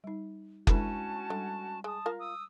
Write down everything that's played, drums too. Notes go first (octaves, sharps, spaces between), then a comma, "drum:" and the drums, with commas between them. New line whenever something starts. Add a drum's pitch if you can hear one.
G3 D#4
G#3 A3 C#4 D4 E4 F#4 B4 A5, drum: kick F#1
D3 G3
G#3 A5 D#6
F4 A#4 F5
D#6 E6